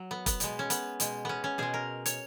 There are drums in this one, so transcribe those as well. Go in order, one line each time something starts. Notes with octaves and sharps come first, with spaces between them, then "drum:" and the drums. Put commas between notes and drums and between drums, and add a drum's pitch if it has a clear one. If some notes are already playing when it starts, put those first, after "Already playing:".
Already playing: F#3
B3
B3, drum: kick E1, hi-hat
B2 G#3, drum: hi-hat
C#4
B3, drum: hi-hat
B2 G#3, drum: hi-hat
B3 C#4
C#4
B2 G#3 G#4
A#4
C#5, drum: hi-hat